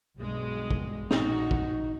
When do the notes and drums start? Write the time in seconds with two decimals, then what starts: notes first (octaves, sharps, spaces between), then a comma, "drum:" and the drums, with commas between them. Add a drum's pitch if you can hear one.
0.17 B1 G2 G#3
0.71 drum: kick
1.11 A#1 D#3 D#4 F#4, drum: snare
1.51 drum: kick